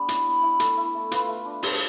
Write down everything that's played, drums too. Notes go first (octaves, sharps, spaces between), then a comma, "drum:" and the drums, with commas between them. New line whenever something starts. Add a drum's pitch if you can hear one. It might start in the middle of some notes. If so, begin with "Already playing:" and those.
Already playing: G3 B3 D4
E4, drum: hi-hat
B3
E4
A3 A4, drum: hi-hat
E4
A3
F4 B4, drum: hi-hat
A3
D4
D4 C5, drum: open hi-hat